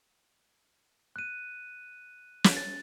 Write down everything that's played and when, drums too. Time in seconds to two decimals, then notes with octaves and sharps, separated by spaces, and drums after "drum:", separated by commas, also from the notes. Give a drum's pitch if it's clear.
1.16 F#6 D#7
2.44 drum: snare
2.57 A6